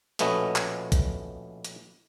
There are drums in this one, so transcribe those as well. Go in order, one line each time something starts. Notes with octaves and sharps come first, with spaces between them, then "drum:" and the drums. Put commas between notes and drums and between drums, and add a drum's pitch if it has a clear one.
A#1 B2 A3 B3 C#4 D#5, drum: hi-hat
drum: clap
drum: kick A#1, hi-hat
drum: hi-hat